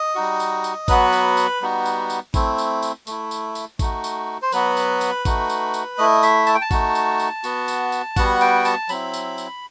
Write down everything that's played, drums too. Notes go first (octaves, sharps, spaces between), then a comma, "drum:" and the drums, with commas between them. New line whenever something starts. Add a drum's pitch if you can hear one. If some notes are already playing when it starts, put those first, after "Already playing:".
Already playing: D#5
G3 D#4 F#4
drum: tambourine
drum: tambourine
F#3 B3 F#4 B4, drum: kick A1, tambourine
drum: tambourine
drum: tambourine
G3 B3 D#4 F#4
drum: tambourine
drum: tambourine
A3 C4 E4, drum: kick A1, tambourine
drum: tambourine
drum: tambourine
A3 E4, drum: tambourine
drum: tambourine
drum: tambourine
A3 D#4 F#4, drum: kick A1, tambourine
drum: tambourine
C5
F#3 B3 F#4 B4, drum: tambourine
drum: tambourine
drum: tambourine
A3 D#4 F#4, drum: kick A1, tambourine
drum: tambourine
drum: tambourine
A3 E4 D#5
E5, drum: tambourine
A5, drum: tambourine
G5
A5
A3 D#4 F#4, drum: kick A1, tambourine
drum: tambourine
drum: tambourine
B3 F#4, drum: tambourine
drum: tambourine
drum: tambourine
G3 B3 F#4 F#5, drum: kick A1, tambourine
G5, drum: tambourine
A5, drum: tambourine
F#3 C4 E4 B5, drum: tambourine
drum: tambourine
drum: tambourine